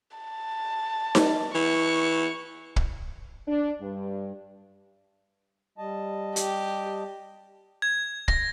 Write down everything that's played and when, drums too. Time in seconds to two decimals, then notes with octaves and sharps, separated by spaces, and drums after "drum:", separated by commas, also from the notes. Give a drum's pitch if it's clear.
0.17 A5
1.15 drum: snare D#4
1.55 E3 C#6
2.76 drum: kick
3.47 D4
3.80 G2
5.78 G3 D#5 A5
6.36 G4, drum: hi-hat
7.82 G#6
8.28 A#6, drum: kick